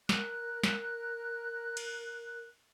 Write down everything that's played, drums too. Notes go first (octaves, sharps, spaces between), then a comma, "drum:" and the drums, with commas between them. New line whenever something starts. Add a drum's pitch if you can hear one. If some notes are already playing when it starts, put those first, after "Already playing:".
A#4 F#6, drum: snare
drum: snare
drum: cymbal